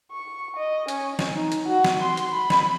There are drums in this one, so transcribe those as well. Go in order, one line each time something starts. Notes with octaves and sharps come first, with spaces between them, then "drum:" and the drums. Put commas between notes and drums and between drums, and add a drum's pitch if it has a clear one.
C#6
D#5
C#4, drum: hi-hat
drum: snare
D#4
drum: hi-hat
F#4
drum: snare
C6
drum: hi-hat
B5
drum: snare